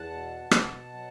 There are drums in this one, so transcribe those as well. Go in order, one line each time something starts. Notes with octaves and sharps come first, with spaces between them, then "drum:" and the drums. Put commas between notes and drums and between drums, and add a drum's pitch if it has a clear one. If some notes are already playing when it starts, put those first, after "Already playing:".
Already playing: E2 F#5 A5
B2
B2, drum: rim click
F#3